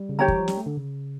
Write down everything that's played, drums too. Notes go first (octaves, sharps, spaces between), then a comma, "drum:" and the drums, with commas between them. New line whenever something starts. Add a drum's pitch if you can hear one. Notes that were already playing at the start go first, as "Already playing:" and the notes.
Already playing: G3
C#3
D3 G4 C#5 G5 A#5
E3, drum: kick
F3
G3, drum: snare
A3
D3
C#3